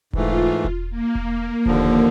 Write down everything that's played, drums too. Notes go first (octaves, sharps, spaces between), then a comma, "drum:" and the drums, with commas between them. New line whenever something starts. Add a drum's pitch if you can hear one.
G#2 E3 A3 F4, drum: kick E1
drum: kick E1
A#3
drum: kick E1
D#2 D3 F3, drum: kick E1